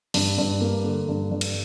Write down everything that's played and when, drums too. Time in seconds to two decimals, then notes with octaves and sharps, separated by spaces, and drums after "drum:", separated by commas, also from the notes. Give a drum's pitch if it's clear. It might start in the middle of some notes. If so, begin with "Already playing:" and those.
0.14 G2, drum: open hi-hat
0.38 G2
0.61 A#3
0.84 D3
1.09 G2
1.31 G2
1.41 drum: cymbal